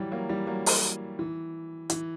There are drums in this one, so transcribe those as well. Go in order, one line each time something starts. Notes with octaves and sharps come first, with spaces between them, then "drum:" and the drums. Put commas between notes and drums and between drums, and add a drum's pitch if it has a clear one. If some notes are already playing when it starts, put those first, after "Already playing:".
Already playing: E3 F#3 G3
F#3 A#3
E3 G3
F#3 A#3
drum: open hi-hat
E3
E3, drum: hi-hat